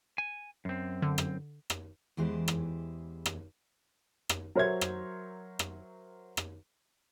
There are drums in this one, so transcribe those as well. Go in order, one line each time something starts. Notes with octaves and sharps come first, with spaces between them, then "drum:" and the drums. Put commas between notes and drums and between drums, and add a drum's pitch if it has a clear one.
G#5
F#2 C4
D3
drum: rim click
drum: rim click
E2 E3 G#3 G4 C5
drum: rim click
drum: rim click
drum: rim click
F#3 A#4 C5 C#5 E5 G#6
drum: rim click
drum: rim click
drum: rim click